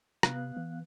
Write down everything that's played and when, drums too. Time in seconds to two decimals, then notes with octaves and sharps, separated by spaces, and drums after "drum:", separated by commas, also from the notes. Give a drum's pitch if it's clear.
0.23 C3 B3 F5 F#6, drum: rim click
0.57 E3